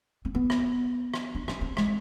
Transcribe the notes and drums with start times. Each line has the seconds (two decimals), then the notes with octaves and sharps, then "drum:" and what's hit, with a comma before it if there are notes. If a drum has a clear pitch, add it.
0.25 C4
0.35 B3
0.50 drum: rim click
1.14 drum: rim click
1.35 D4
1.48 C#4, drum: rim click
1.61 C4
1.77 G#3, drum: rim click